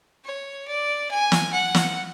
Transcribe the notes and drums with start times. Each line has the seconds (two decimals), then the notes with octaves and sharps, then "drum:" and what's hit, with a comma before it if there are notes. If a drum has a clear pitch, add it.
0.25 C#5
0.67 D5
1.11 G#5
1.32 drum: snare
1.52 F#5
1.75 drum: snare